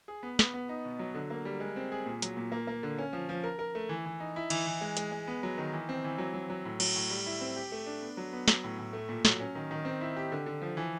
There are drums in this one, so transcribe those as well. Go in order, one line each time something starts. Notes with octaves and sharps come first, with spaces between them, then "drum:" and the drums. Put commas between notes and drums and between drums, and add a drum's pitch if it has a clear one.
G#4
B3
B3, drum: snare
B3
D#4
B2
F#3
D3
A#3
G3
G#3
C4
G#4
A#2
F#3, drum: hi-hat
A#2
A#3
A#3
D3
C#4
F3
F3
A#4
A#4
A3
E3
E3
D#4
E4
E3, drum: cymbal
E3
G#3
G#3, drum: hi-hat
G#3
B3
F#3
D#3
E3
C4
E3
F#3
F#3
F#3
A2
F#3, drum: cymbal
A2
G3
E4
C4
G4
A3
D4
B3
F#3
B3
F#3, drum: snare
A2
A2
A3
A#2
F#3, drum: snare
C#4
D#3
D#3
C4
E4
G4
D3
D3
F3
E3